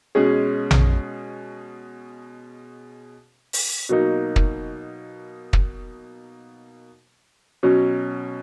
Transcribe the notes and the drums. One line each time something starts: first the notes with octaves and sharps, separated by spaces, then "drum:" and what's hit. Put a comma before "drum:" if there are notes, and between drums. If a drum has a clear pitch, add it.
B2 G#3 C#4 G#4
drum: tom A#1
drum: open hi-hat
B2 F#3 A#3 D#4
drum: kick
drum: kick
B2 F#3 C#4